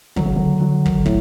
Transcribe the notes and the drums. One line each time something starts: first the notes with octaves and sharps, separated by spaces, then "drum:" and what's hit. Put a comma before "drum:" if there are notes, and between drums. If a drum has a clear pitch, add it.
D3 F#3, drum: kick
C#3
D3
F#3
D#3, drum: kick
D3
A2, drum: kick